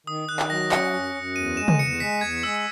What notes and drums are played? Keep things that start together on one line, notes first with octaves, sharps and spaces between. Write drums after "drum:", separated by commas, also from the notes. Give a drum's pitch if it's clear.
D#3 D#6
D#3 F#6
drum: clap
F#3 A#6
C#4 C#7, drum: clap
F#2
F#2
E2 D#7
G#3 E7
drum: tom
E2 C#7
G#3 B6
E2 G#6
G#3 E6